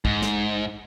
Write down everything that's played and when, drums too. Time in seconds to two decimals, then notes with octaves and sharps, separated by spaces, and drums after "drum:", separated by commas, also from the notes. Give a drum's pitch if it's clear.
0.05 G#2, drum: kick
0.22 drum: snare